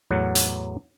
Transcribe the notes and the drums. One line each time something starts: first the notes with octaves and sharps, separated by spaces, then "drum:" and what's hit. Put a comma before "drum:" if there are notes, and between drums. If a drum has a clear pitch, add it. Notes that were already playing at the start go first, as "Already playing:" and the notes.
E2 A2 F#3 F#5
drum: hi-hat